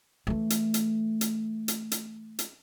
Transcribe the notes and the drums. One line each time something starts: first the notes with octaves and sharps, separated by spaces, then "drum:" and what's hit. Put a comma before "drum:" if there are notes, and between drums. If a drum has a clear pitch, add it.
E3 A3
drum: hi-hat
drum: hi-hat
drum: hi-hat
drum: hi-hat
drum: hi-hat
drum: hi-hat